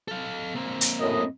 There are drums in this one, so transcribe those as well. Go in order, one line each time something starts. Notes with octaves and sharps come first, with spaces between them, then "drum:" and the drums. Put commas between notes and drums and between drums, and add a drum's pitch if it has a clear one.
A4 F5
A#3 C4
drum: hi-hat
F#2 A2 D#5